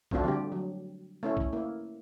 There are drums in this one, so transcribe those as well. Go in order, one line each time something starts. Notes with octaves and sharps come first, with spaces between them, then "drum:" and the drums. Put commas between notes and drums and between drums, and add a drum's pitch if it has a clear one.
F3 A3 C4 D4 F4 F#4, drum: kick
D3 G3 C4 G4
F#3
A3 C#4 E4
drum: kick
A#3 E4